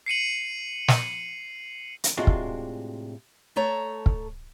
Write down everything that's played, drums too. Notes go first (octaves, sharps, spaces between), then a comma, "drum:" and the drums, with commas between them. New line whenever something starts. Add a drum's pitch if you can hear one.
C7 C#7 D#7 F#7
drum: snare
drum: hi-hat
A2 C3 G#3 D4 F4 F#4
drum: kick
A3 A4 C#5 A#5
drum: kick